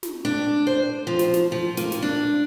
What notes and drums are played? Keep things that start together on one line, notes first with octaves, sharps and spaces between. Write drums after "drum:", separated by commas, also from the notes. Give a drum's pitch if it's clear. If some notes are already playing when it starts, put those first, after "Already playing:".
drum: snare
D4
C5
F3
drum: snare
drum: snare
F3
A#3, drum: snare
drum: snare
D4